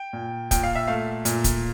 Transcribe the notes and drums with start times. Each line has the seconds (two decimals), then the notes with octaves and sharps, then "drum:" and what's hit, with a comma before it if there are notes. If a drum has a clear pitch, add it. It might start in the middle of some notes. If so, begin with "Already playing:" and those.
Already playing: G5
0.13 A#2
0.51 A#2 G5, drum: kick, hi-hat
0.63 F5
0.75 E5
0.87 A3 F5
1.25 A#2, drum: hi-hat
1.44 drum: kick, hi-hat